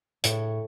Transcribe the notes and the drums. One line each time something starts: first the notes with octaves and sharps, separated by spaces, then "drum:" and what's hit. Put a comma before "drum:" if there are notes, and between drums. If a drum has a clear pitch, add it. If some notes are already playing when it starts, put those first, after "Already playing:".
A2 C#5, drum: hi-hat